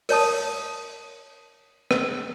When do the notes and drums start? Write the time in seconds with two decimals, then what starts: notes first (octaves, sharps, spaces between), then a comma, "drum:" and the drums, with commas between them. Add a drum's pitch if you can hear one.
0.09 A#4 C#5 A5 D#6, drum: open hi-hat
1.91 drum: rim click